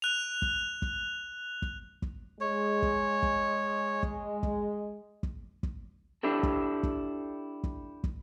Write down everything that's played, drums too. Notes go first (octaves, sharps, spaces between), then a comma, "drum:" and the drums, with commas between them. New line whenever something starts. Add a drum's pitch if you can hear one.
F#6 F7
drum: kick
drum: kick
drum: kick
drum: kick
G#3 C#5
drum: kick
drum: kick
drum: kick
drum: kick
drum: kick
drum: kick
D4 E4 G4 A4
drum: kick
drum: kick
drum: kick
drum: kick